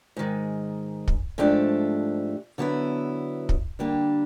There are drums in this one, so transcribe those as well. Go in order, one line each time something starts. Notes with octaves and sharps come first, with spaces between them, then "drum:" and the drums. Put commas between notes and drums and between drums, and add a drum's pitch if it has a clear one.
G#2 D#3 G#3
drum: kick
G#2 F3 A3 D4 G4
D3 F#3 B3 E4
drum: kick
D3 G3 A#3 D4 G4